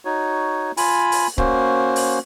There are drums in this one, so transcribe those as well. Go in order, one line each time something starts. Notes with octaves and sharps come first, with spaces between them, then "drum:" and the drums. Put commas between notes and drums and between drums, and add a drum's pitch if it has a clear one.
D#4 F#4 C#5
F4 G#5 B5, drum: open hi-hat
drum: open hi-hat
A#3 C#4 F#4 C5, drum: kick C#1
drum: open hi-hat